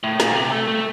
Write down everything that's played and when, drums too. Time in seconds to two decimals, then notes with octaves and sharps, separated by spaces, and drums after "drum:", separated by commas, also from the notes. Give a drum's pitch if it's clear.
0.04 A2
0.20 A#2, drum: snare
0.35 C3
0.52 A3
0.68 A3